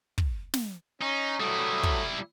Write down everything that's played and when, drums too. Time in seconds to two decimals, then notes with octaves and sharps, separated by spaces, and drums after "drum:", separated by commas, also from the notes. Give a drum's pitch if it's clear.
0.18 drum: kick
0.54 drum: snare
1.02 C#4 D#4
1.40 F#3 G3 A3 E4 D#6
1.83 drum: kick